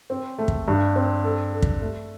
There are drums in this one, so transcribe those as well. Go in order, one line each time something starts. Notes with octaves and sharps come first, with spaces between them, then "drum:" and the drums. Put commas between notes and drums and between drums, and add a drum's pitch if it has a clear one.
C4
A3
drum: kick
G2
C4
A4
A4
drum: kick
A3